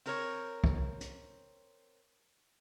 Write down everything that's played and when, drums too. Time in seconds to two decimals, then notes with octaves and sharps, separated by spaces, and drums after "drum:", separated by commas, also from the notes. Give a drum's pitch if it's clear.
0.06 C4 A#4 C#5, drum: open hi-hat
0.64 drum: kick
1.01 drum: hi-hat